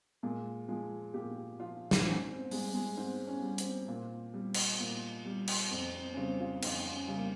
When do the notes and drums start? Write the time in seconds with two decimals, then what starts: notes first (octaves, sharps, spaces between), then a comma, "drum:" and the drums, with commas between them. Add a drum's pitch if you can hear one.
0.23 A#2 G#3
0.68 F3 G#3
1.14 A#2 G4
1.60 F3 F4
1.91 drum: snare
2.05 G#2 C#4
2.28 C4
2.51 G3 G#3, drum: open hi-hat
2.74 G#3
2.97 G#2 C4
3.27 C#4
3.43 G3
3.58 C4, drum: hi-hat
3.88 A#2
4.34 G3
4.54 drum: cymbal
4.80 A#2
5.25 G3
5.48 drum: cymbal
5.71 F2 C4
5.94 C4
6.13 C#4
6.17 C#3 G3 C4
6.40 F4
6.62 F2 D#4, drum: cymbal
6.93 C#4
7.08 C#3 G3
7.18 A#3